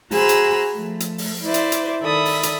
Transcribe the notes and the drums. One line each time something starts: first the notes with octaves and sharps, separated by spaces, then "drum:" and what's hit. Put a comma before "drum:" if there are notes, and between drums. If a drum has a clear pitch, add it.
F#4 G#4 C5 A#5 B5 E6, drum: open hi-hat
drum: hi-hat
F3 A3
drum: hi-hat
drum: open hi-hat
E4 C5 D5 E5
drum: hi-hat
drum: hi-hat
D#3 A4 D5 E5 B5 D#6
drum: open hi-hat
drum: hi-hat